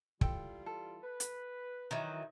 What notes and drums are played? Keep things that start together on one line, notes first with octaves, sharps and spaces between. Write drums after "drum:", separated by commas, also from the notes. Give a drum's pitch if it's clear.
E3 G3 F4 A4 G5, drum: kick
A4
B4
drum: hi-hat
D#3 E3 F#3